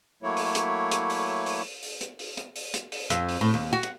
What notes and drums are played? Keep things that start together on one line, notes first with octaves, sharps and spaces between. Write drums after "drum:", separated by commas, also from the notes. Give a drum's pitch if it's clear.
F#3 A3 A#3 E4 C#5
drum: open hi-hat
drum: hi-hat
drum: hi-hat
drum: open hi-hat
drum: open hi-hat
drum: open hi-hat
drum: hi-hat
drum: open hi-hat
drum: hi-hat
drum: open hi-hat
drum: hi-hat
drum: open hi-hat
F2, drum: hi-hat
drum: open hi-hat
A2
D#2
F#4
drum: hi-hat